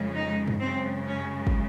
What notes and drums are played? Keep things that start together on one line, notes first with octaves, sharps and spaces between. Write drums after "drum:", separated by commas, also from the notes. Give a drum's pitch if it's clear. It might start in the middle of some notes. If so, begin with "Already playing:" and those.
Already playing: F2 C#3 G#3
D#4
drum: tom G2
F#2 C#3 G#3 C4
C#4
drum: kick